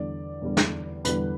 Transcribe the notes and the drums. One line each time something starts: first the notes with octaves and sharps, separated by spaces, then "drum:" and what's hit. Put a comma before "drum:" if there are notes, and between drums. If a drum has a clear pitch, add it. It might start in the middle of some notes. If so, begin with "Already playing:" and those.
Already playing: E2 D3 G3 D5
E2 D3 G3
drum: snare
E2 D3 G3 B4, drum: hi-hat